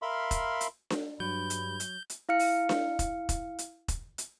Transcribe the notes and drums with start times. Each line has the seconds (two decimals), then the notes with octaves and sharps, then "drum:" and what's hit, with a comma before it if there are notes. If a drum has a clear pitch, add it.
0.02 A#4 E5 F5 B5 C6
0.31 drum: kick E1, hi-hat
0.61 drum: hi-hat
0.90 drum: snare D4
1.20 G2 F#3 B5 G6
1.50 drum: hi-hat
1.80 drum: hi-hat
2.10 drum: hi-hat
2.29 E4 F5 F6 C#7
2.39 drum: open hi-hat
2.69 drum: snare D4
2.99 drum: kick E1, hi-hat
3.29 drum: kick E1, hi-hat
3.59 drum: hi-hat
3.88 drum: kick E1, hi-hat
4.18 drum: hi-hat